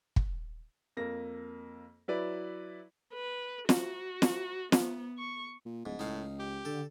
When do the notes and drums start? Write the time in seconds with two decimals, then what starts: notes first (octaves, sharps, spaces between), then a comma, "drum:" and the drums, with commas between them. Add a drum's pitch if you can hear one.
0.16 drum: kick
0.97 F2 A#3 A#6
2.08 F#3 E4 B4 D5
3.13 B4
3.69 F#4, drum: snare
4.22 drum: snare
4.72 B3, drum: snare
5.18 C#6
5.66 A#2
5.86 D1 G#2
5.99 C#2 A2 D#4 F5
6.39 G4
6.65 D3 A4